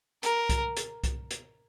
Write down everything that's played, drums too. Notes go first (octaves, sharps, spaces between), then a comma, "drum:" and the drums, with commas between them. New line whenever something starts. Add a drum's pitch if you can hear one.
A#4, drum: hi-hat
drum: kick C2, hi-hat
drum: hi-hat
drum: kick C2, hi-hat
drum: hi-hat